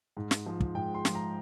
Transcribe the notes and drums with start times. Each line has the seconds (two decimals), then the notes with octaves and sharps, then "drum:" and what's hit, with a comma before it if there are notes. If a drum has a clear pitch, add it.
0.17 G#2
0.31 drum: snare
0.46 F3 G#3
0.60 drum: kick
0.75 G#2 G5
0.94 C6
1.05 F3 G#3, drum: snare
1.15 A#5